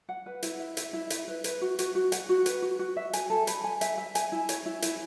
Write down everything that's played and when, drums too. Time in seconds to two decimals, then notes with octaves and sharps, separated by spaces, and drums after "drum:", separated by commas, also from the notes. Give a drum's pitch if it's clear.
0.09 F#5
0.26 B4
0.43 E4, drum: hi-hat
0.60 E5
0.77 E5, drum: hi-hat
0.93 E4
1.10 E5, drum: hi-hat
1.28 B4
1.44 B4, drum: hi-hat
1.61 F#4
1.79 F#4, drum: hi-hat
1.95 F#4
2.12 F#5, drum: hi-hat
2.29 F#4
2.46 B4, drum: hi-hat
2.62 F#4
2.79 F#4
2.97 E5
3.13 G#5, drum: hi-hat
3.30 A4
3.47 B5, drum: hi-hat
3.64 G#5
3.81 E5, drum: hi-hat
3.97 E5
4.15 G#5, drum: hi-hat
4.32 E4
4.49 C#5, drum: hi-hat
4.66 E4
4.82 E4, drum: hi-hat